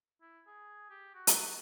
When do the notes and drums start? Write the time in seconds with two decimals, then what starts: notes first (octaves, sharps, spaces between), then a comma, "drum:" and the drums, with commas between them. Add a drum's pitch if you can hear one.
0.21 E4
0.47 G#4
0.90 G4
1.14 F#4
1.27 drum: hi-hat